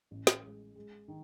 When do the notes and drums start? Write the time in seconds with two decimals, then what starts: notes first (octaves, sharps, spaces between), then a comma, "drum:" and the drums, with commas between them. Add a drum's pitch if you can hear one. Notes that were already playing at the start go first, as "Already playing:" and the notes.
0.11 A1
0.27 drum: snare
0.43 G#3
0.75 G#3
1.08 D#3